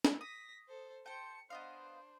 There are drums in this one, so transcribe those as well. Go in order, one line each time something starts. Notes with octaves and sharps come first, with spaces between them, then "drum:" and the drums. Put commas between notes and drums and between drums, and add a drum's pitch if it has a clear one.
drum: snare
D#6 A#6 B6
A4 C5
C5 G5 A5 C#7
B3 D4 C5 D#5 F5